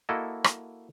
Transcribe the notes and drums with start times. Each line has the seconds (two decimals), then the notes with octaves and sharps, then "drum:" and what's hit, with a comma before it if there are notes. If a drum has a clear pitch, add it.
0.09 A#3 E4 F#4 A4 D#5
0.44 drum: rim click